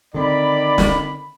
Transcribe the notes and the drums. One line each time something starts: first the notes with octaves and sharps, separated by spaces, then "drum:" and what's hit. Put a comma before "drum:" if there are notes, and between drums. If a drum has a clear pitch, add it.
D3 D#3 C4 D5 B5
drum: snare